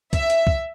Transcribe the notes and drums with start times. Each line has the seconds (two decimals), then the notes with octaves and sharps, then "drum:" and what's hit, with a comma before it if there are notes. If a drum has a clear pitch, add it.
0.13 E5, drum: kick C2, hi-hat
0.30 drum: hi-hat
0.47 drum: kick C2